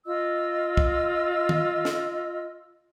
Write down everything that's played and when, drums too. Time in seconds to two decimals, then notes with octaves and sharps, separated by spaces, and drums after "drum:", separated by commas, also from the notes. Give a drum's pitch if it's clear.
0.06 F4 D#5 E6
0.77 drum: kick
1.49 drum: tom D#3
1.85 drum: snare